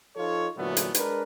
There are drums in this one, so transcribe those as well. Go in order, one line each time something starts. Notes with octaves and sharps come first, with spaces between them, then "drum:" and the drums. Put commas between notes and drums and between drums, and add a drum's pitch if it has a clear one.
F3 D#4 F4 A4 C#5
A#2 D3 E3 F#3 A3 B3
drum: hi-hat
G#3 D4 A#4 B4, drum: hi-hat